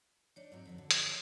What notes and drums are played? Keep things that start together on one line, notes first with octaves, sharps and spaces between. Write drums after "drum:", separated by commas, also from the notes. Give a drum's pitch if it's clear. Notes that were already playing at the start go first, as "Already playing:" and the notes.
D4 D#4 C#5
G#2 F#3 C4
F2 D3 F#3
D3
drum: hi-hat
A#3